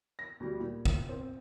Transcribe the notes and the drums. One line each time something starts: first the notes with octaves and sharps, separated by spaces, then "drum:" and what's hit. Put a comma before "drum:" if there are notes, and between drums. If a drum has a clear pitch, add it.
A#6
D2 G3
A#2
drum: kick
C4